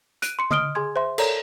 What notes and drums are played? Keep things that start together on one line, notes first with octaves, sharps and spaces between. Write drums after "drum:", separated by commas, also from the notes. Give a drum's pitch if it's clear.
F#6 D7 D#7, drum: hi-hat
C6 C#7
D#5 D#6 F6 D7 G7, drum: tom C#3
G#4 G#5 C6 G#6
C5 E5 C6
A4 A#4 C#5 D5 A#5, drum: cymbal